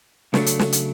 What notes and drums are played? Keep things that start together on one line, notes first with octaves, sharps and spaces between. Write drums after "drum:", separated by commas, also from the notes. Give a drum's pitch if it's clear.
C#3 F#3 A3 D4, drum: snare
drum: hi-hat
drum: snare
drum: hi-hat